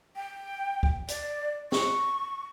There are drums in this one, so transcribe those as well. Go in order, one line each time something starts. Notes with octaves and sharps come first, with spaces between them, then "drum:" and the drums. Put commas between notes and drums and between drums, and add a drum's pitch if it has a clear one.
G5
drum: kick
D5, drum: hi-hat
C#6, drum: snare